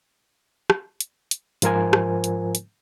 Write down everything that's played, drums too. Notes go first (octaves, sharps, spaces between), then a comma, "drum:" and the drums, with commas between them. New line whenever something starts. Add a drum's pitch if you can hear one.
drum: rim click
drum: hi-hat
drum: hi-hat
G#2 F3 F4 A#4 C5 G#5, drum: hi-hat
drum: rim click
drum: hi-hat
drum: hi-hat